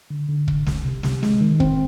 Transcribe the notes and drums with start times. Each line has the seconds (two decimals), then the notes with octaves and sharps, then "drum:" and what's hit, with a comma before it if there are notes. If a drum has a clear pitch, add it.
0.10 D3
0.29 D3
0.48 C3, drum: kick
0.66 C2, drum: snare
0.85 C3
1.03 C3, drum: snare
1.23 G#3, drum: snare
1.41 D#3
1.60 C4, drum: kick